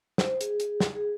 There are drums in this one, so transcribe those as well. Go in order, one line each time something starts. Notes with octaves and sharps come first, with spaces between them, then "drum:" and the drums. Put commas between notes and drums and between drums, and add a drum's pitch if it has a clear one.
C5, drum: snare
G#4, drum: hi-hat
drum: hi-hat
drum: snare
G#4